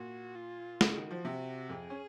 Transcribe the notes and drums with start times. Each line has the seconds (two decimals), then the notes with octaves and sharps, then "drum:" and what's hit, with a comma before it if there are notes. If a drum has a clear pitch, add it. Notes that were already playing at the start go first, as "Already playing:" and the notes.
Already playing: A#2 F#4
0.36 F4
0.81 C#3 F#4, drum: snare
0.96 D#3
1.11 F3
1.25 C3
1.69 F2 G#4
1.90 C#4